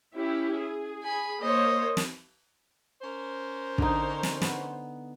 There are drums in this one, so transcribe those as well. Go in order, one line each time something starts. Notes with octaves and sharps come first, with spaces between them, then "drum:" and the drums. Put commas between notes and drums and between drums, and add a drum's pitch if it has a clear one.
C#4 E4 G4
G#4
G#5 B5
A#3 C5 C#5 D#5
drum: snare
C#4 A#4 C5
D3 D#4, drum: kick
drum: snare
B3, drum: snare